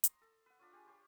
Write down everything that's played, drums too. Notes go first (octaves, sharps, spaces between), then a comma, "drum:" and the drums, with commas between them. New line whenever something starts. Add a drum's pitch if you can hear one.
A#5 C6 D#6, drum: hi-hat
A4
B4 F#5
D4 F4 C#5
G4 G#4
G4 C5 C#5